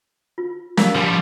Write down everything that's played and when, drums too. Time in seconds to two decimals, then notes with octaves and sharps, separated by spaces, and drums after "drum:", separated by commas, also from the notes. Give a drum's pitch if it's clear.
0.38 F4
0.77 G4 A#4 F5, drum: snare
0.95 F3 G3 G4 G#5